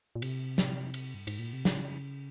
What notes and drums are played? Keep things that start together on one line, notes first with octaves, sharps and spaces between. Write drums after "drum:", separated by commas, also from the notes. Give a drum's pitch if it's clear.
A#2
C3, drum: cymbal
drum: snare
drum: cymbal
G2
G#2, drum: cymbal
A#2
C3
C#3, drum: snare